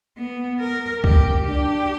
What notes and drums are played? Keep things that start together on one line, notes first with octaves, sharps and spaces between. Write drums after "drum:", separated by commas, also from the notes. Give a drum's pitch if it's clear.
B3
A#4
G4, drum: kick C#2
D4 G4